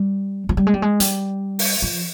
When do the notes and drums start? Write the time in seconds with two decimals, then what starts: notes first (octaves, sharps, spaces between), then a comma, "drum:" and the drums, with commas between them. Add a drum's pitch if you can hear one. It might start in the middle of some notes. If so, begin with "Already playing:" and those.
Already playing: G3
0.49 F3
0.57 G3
0.67 G#3
0.74 G3
0.82 G#3
1.00 G3, drum: hi-hat
1.59 drum: open hi-hat
1.82 F3